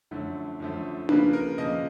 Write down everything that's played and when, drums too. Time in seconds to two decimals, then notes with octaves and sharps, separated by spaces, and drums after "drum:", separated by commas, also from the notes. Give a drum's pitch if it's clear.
0.11 F#2 D3 F3 A3
0.60 F#2 D3 F3 A3
1.09 C#3 F3 A#3 B4, drum: tom D4
1.33 A#4
1.58 C#3 F3 A#3 D#5